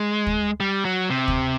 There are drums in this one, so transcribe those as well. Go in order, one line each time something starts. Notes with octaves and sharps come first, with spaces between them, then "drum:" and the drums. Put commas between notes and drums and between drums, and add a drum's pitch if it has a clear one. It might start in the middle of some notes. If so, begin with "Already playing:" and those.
Already playing: G#3
drum: kick
G3
F#3
C3
drum: kick